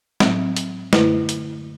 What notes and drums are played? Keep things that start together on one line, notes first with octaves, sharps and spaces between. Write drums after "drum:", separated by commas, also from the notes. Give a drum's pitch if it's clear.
A2 F#3 C4, drum: snare
drum: hi-hat
F#2 D3 A3 E4 B4, drum: snare
drum: hi-hat